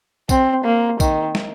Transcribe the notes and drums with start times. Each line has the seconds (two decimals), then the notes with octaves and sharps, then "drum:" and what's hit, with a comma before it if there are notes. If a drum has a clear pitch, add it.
0.29 C4, drum: kick, tambourine
0.65 A#3
1.00 D#3, drum: kick, tambourine
1.35 drum: snare